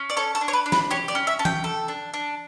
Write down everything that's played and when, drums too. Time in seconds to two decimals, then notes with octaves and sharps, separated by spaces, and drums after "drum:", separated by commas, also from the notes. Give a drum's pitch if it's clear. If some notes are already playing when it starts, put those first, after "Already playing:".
Already playing: C#4
0.10 D5
0.17 A4 C#5
0.35 A4
0.41 D4
0.48 C#5
0.53 B4
0.66 D4
0.72 B4, drum: snare
0.90 G4 C#5
1.08 D5
1.15 C#4
1.27 E5
1.39 C#4 A5
1.45 G5, drum: tom E3
1.64 A4
1.88 D4
2.14 D4